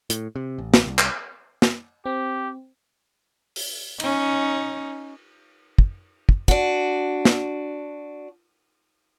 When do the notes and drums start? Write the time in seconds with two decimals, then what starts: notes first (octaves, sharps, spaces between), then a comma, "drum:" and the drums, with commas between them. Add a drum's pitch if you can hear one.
0.10 A2, drum: hi-hat
0.36 C3
0.58 A1
0.74 drum: snare
0.86 C2
0.99 drum: clap
1.62 drum: snare
2.06 C4 G4
3.56 drum: open hi-hat
4.00 C#4 D#4, drum: cymbal
5.78 drum: kick
6.29 drum: kick
6.48 D4 F#4, drum: kick
7.25 drum: snare